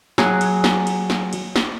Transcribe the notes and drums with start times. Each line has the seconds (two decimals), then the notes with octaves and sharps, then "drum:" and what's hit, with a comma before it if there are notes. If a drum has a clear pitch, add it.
0.18 F#3 G#4 F#5, drum: snare
0.41 drum: cymbal
0.64 drum: snare
0.87 drum: cymbal
1.10 drum: snare
1.33 drum: cymbal
1.56 drum: snare